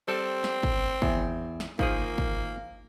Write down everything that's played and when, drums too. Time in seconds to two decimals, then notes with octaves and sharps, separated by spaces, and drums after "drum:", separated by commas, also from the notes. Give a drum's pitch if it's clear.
0.08 G3 C4 A4
0.44 drum: snare
0.63 drum: kick
1.02 E2, drum: kick
1.60 drum: snare
1.79 D#3 F3 A#3 G#4, drum: kick
2.18 drum: kick